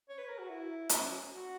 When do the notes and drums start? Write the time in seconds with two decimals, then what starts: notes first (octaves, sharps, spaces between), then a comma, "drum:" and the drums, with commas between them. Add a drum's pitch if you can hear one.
0.09 C#5
0.18 B4
0.29 A#4
0.38 F#4
0.49 E4
0.89 C#4, drum: hi-hat
1.30 F#4